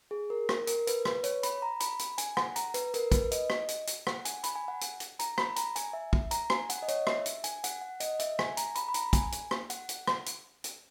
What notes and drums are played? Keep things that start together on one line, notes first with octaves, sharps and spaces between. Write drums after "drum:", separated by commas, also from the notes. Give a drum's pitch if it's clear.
G#4
A#4
drum: rim click
A#4, drum: hi-hat
B4, drum: hi-hat
B4, drum: rim click
C#5, drum: hi-hat
B5, drum: hi-hat
A#5
B5, drum: hi-hat
drum: hi-hat
G#5, drum: hi-hat
F#5, drum: rim click
A#5, drum: hi-hat
B4, drum: hi-hat
A#4, drum: hi-hat
B4, drum: kick, hi-hat
D#5, drum: hi-hat
drum: rim click
drum: hi-hat
drum: hi-hat
F#5, drum: rim click
G#5, drum: hi-hat
B5, drum: hi-hat
G#5
F#5
drum: hi-hat
drum: hi-hat
A#5, drum: hi-hat
B5, drum: rim click
A#5, drum: hi-hat
G#5, drum: hi-hat
E5
drum: kick
A#5, drum: hi-hat
G#5, drum: rim click
F#5, drum: hi-hat
D#5
C#5, drum: hi-hat
E5, drum: rim click
drum: hi-hat
G#5, drum: hi-hat
F#5, drum: hi-hat
F#5
D#5, drum: hi-hat
E5, drum: hi-hat
G#5, drum: rim click
A#5, drum: hi-hat
B5, drum: hi-hat
B5
A#5, drum: hi-hat
G#5, drum: kick, hi-hat
drum: hi-hat
drum: rim click
F#5, drum: hi-hat
drum: hi-hat
drum: rim click
drum: hi-hat
drum: hi-hat